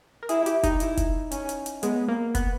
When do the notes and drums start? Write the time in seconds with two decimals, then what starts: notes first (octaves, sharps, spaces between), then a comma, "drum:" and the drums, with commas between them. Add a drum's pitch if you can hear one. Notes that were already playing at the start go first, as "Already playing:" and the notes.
0.23 A#4
0.29 E4 G#4, drum: hi-hat
0.46 G4, drum: hi-hat
0.63 D#4, drum: kick, hi-hat
0.80 E4, drum: hi-hat
0.97 drum: kick, hi-hat
1.31 C#4, drum: hi-hat
1.49 drum: hi-hat
1.66 drum: hi-hat
1.83 G#3 B3, drum: hi-hat
2.08 A#3
2.35 B3, drum: kick, hi-hat